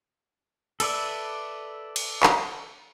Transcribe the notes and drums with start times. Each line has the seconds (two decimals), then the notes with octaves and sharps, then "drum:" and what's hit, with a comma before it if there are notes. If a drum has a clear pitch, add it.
0.80 A4 B4 D5 E5, drum: cymbal
1.96 drum: cymbal
2.23 drum: clap